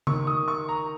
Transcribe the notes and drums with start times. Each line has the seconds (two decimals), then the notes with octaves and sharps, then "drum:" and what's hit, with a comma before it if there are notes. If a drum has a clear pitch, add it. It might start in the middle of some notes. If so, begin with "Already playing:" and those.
0.07 D#3 A#3 C#6, drum: tom C#3
0.27 D#6
0.48 C#6
0.69 A#5